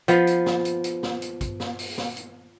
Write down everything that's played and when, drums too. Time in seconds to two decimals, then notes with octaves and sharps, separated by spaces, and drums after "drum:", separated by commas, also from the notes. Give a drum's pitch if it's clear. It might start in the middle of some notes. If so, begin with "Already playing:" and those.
0.08 F3 B3 F5, drum: hi-hat
0.27 drum: hi-hat
0.46 drum: snare
0.65 drum: hi-hat
0.84 drum: hi-hat
1.03 drum: snare
1.22 drum: hi-hat
1.41 drum: kick, hi-hat
1.60 drum: snare
1.79 drum: open hi-hat
1.98 drum: snare
2.17 drum: hi-hat